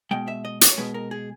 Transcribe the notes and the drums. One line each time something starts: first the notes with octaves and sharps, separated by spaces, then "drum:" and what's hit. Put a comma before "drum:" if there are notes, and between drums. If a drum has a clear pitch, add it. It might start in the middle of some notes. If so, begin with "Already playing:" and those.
B2 G#3 G5
E5
D#5
C#5, drum: hi-hat
B2 G#3 B4
A#4
G#4